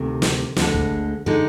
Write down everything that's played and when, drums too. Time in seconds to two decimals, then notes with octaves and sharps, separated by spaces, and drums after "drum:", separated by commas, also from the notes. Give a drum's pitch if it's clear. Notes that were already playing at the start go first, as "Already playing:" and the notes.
Already playing: D2 C3 D#3
0.22 drum: snare
0.56 D2 D3 G#3, drum: snare
0.74 drum: kick
1.26 D3 G#3 D#4